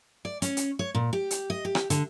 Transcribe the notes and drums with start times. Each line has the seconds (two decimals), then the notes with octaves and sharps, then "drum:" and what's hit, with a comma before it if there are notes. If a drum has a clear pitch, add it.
0.25 D5
0.42 C#4, drum: hi-hat
0.57 drum: hi-hat
0.79 C#5
0.95 A#2
1.13 G4
1.31 drum: hi-hat
1.50 D#5
1.65 G4
1.75 drum: rim click
1.90 D3, drum: hi-hat